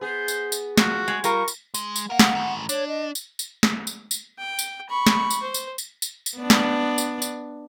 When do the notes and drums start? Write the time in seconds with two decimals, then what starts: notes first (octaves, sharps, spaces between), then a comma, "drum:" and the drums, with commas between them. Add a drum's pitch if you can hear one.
0.01 B3 G#4 C5
0.28 drum: tambourine
0.52 drum: tambourine
0.77 F3 F#4, drum: snare
1.08 G#3
1.24 G3 F4 A#4 C#6, drum: tambourine
1.48 drum: tambourine
1.74 G#3, drum: tambourine
1.96 drum: tambourine
2.10 A#4 F5 F#5
2.19 drum: snare
2.35 A2 D#3
2.69 D4 C#5, drum: tambourine
2.88 D#5
3.15 drum: tambourine
3.39 drum: tambourine
3.63 drum: snare
3.87 drum: tambourine
4.11 drum: tambourine
4.38 G5
4.59 drum: tambourine
4.89 B5 C#6
5.07 drum: snare
5.30 drum: tambourine
5.42 C5
5.54 drum: tambourine
5.78 drum: tambourine
6.02 drum: tambourine
6.26 drum: tambourine
6.38 B3 D4
6.50 drum: snare
6.98 drum: tambourine
7.22 drum: tambourine